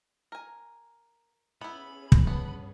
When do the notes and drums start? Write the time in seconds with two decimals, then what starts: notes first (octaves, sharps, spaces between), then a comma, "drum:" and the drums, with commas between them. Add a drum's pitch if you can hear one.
0.32 A#4 G#5
1.61 B3 C#4 E4 G#4 B5
2.12 drum: kick
2.27 G2 B3 B4 A5